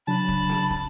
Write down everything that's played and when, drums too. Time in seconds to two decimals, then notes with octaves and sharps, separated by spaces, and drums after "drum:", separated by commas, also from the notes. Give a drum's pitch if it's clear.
0.07 C#3 F#3 D4 A5 B5
0.28 drum: kick
0.49 drum: snare
0.70 drum: kick